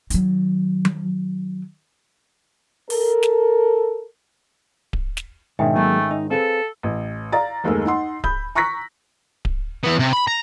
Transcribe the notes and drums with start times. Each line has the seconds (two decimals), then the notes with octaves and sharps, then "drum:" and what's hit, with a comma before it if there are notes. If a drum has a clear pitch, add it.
0.10 D#3 F#3, drum: hi-hat
0.85 drum: tom F#3
2.90 A4 A#4, drum: open hi-hat
3.23 drum: snare
4.93 drum: kick D1
5.17 drum: snare
5.59 G#2 B2 D#3 C#4 D4 E5 G5 G#5
5.76 F#3 A3 A#3 G#4
6.11 D#4
6.31 C4 G#4 A4 B4 F5
6.83 A1
7.32 D5 F5 A#5 A6
7.64 F#1 D#2 G#3 A3 A#4 E6
7.86 D#4 F#5 C6
8.24 B5 G6, drum: kick D1
8.55 A#5 C#6 F#6 A#6 B6
9.45 drum: kick D1
9.84 E3 B3
9.99 C3
10.13 B5
10.27 A#5